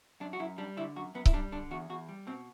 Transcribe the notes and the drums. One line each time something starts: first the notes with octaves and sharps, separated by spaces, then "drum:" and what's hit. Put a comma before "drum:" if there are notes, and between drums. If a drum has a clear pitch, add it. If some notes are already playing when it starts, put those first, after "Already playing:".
F#2 D4
F#4
F#2 E4
G3 D4
D3 E4
F#2 F#4
F#2 B3
E4, drum: kick C#1
G3 D4
D3 D4
E2 F#4
E2 F#4
G3
B2 C4